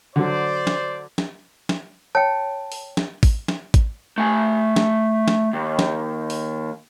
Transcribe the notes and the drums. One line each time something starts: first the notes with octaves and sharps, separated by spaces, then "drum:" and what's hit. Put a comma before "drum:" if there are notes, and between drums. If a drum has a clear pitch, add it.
D3 F#3 C5 D5
drum: snare
drum: snare
drum: snare
C#5 G5 A5
drum: open hi-hat
drum: snare
drum: kick A1, open hi-hat
drum: snare
drum: kick A1, hi-hat
A3 G#5
drum: snare
drum: snare
D#2
drum: snare
drum: open hi-hat